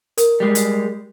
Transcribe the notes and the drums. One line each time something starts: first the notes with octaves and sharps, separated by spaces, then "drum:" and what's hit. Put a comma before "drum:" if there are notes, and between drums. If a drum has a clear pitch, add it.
A#4, drum: hi-hat
G3 G#3
drum: hi-hat